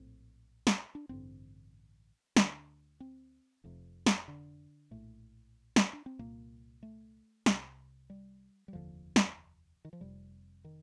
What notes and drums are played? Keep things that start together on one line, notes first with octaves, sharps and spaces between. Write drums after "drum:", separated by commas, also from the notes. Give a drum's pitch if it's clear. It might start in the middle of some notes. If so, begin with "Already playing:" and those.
Already playing: A#1 A2 C4
drum: snare
D4
A1 G2 D3 C4
D2 D3 D4, drum: snare
C4
F1 F2 C3
drum: snare
D3
A#1 A2 A3
drum: snare
D4
C4
C2 A#2 A#3
A3
C2 C3, drum: snare
G3
G3
F1 D#2 D3 F3
drum: snare
D#3
F3
F1 F2 C3 G3
D#3